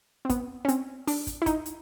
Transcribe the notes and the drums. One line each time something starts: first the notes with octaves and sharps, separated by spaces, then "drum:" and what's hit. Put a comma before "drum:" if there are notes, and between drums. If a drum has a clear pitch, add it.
C4
B3, drum: kick, hi-hat
C#4
C4, drum: hi-hat
D4, drum: open hi-hat
drum: kick, hi-hat
E4
D#4, drum: kick, hi-hat
drum: hi-hat